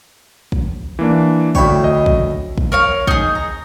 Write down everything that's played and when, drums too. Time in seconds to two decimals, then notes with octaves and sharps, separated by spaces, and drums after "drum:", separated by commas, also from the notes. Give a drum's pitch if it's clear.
0.52 drum: kick
0.99 E3 A#3 D4
1.55 D2 C#5 D5 G5 B5, drum: kick
1.84 D#5
2.06 drum: kick
2.58 drum: kick
2.72 A#4 C#5 F5
3.07 D#4 G#4, drum: kick
3.35 A#5